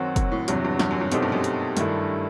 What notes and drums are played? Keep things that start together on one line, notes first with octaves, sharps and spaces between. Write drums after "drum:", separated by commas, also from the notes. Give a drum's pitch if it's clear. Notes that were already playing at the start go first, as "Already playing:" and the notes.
Already playing: F#2 D#3 F#3 C4 F#4
drum: kick, hi-hat
A2
E2 G2 C3 F#3, drum: hi-hat
G2
G2, drum: snare
F#2
G2
F#2 B2 A3 C4 D#4 G4, drum: hi-hat
G2
F#2
drum: hi-hat
G2 D#3 A3 E4, drum: hi-hat